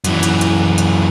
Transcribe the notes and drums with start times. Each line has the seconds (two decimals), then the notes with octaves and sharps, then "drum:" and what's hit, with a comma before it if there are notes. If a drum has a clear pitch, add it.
0.04 F#2 E3, drum: hi-hat
0.23 drum: hi-hat
0.41 drum: hi-hat
0.78 drum: hi-hat